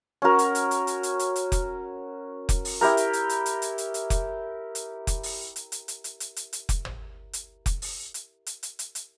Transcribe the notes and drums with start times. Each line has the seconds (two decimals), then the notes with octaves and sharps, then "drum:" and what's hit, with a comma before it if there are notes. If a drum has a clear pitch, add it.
0.22 C#4 F#4 A#4
0.39 drum: hi-hat
0.55 drum: hi-hat
0.71 drum: hi-hat
0.87 drum: hi-hat
1.03 drum: hi-hat
1.19 drum: hi-hat
1.36 drum: hi-hat
1.52 drum: kick F1, hi-hat
2.49 drum: kick F1, hi-hat
2.65 drum: open hi-hat
2.81 E4 G4 A#4
2.97 drum: hi-hat
3.13 drum: hi-hat
3.29 drum: hi-hat
3.46 drum: hi-hat
3.62 drum: hi-hat
3.78 drum: hi-hat
3.94 drum: hi-hat
4.10 drum: kick F1, hi-hat
4.75 drum: hi-hat
5.07 drum: kick F1, hi-hat
5.23 drum: open hi-hat
5.56 drum: hi-hat
5.72 drum: hi-hat
5.88 drum: hi-hat
6.04 drum: hi-hat
6.20 drum: hi-hat
6.36 drum: hi-hat
6.53 drum: hi-hat
6.69 drum: kick F1, hi-hat
6.85 drum: tom G#1
7.33 drum: hi-hat
7.66 drum: kick F1, hi-hat
7.82 drum: open hi-hat
8.14 drum: hi-hat
8.47 drum: hi-hat
8.63 drum: hi-hat
8.79 drum: hi-hat
8.95 drum: hi-hat